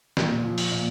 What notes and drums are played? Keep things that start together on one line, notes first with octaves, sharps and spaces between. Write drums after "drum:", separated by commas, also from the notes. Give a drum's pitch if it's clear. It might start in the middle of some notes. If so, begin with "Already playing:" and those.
A#2, drum: snare
F3
drum: open hi-hat
A#2